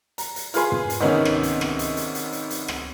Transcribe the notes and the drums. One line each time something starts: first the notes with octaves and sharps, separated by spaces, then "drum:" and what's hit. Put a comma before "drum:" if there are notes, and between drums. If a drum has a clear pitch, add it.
A#5, drum: hi-hat
drum: hi-hat
F4 G#4 B4 G#5 C6, drum: hi-hat
drum: tom
drum: hi-hat
G#2 C3 D#3 B3 C#4 D#4
drum: rim click
drum: hi-hat
drum: rim click
drum: hi-hat
drum: hi-hat
drum: hi-hat
drum: hi-hat
drum: hi-hat
drum: rim click